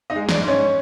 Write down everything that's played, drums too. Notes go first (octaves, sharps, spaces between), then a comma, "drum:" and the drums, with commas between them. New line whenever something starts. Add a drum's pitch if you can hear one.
D#4 D#5
G#3
D4 D5, drum: snare
G#2
C#4 C#5